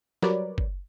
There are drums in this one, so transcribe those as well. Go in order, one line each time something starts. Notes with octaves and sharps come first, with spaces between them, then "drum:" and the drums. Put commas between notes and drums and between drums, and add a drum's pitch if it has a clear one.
F#3 G3 A#4 B4 C#5 D5, drum: snare
drum: kick